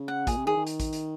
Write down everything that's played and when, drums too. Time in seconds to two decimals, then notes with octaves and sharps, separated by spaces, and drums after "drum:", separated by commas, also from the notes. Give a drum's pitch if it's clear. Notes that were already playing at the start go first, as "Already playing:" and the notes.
Already playing: C#3
0.08 F#5
0.27 A#2 G#4, drum: kick, hi-hat
0.37 C3
0.46 D#3 G#4
0.57 D#3
0.67 drum: hi-hat
0.80 drum: kick, hi-hat
0.93 drum: hi-hat